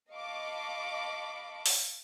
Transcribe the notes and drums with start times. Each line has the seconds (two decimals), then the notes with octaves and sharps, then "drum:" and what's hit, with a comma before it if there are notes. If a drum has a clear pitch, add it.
0.12 D#5 F5 A5 B5 C#6 D6
1.66 drum: open hi-hat